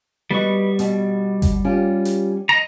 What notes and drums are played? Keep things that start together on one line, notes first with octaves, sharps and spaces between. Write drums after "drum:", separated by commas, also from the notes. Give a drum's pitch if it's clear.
G3 B3 F#4 D#5 C#6
B2, drum: hi-hat
drum: kick G1, hi-hat
C#4 F4 G4
drum: hi-hat
D#5 A#5